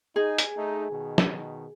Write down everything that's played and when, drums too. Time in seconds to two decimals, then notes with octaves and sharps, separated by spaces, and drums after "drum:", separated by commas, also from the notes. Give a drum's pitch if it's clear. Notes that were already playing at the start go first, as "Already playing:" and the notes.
0.16 D#4 G#4
0.38 drum: hi-hat
0.57 A3 D#4
0.91 B2 D#3
1.18 drum: snare